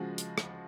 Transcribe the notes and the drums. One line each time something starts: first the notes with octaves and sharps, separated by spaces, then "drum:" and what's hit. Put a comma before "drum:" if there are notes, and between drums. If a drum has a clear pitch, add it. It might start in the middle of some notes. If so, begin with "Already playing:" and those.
Already playing: C#3 F3 G#3 F#4
drum: hi-hat
drum: rim click